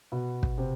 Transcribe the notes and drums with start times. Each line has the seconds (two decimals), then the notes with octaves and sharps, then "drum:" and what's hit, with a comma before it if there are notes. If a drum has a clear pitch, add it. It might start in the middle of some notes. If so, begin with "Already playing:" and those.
0.12 B2 B3
0.43 drum: kick
0.58 C3 C4